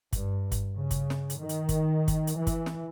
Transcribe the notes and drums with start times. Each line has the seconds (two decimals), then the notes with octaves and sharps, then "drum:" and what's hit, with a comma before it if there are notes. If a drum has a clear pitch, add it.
0.13 G2, drum: kick G1, hi-hat
0.52 drum: kick G1, hi-hat
0.74 C#3
0.91 drum: kick G1, hi-hat
1.10 drum: snare
1.30 drum: hi-hat
1.39 D#3
1.49 drum: hi-hat
1.69 drum: kick G1, hi-hat
2.08 drum: kick G1, hi-hat
2.27 drum: hi-hat
2.37 E3
2.47 drum: kick G1, hi-hat
2.66 drum: snare